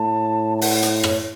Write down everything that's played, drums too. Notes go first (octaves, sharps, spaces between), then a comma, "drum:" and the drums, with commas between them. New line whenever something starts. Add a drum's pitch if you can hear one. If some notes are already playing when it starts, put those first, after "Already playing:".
Already playing: A2 A5
A5
F#5, drum: open hi-hat
drum: hi-hat
C#5, drum: rim click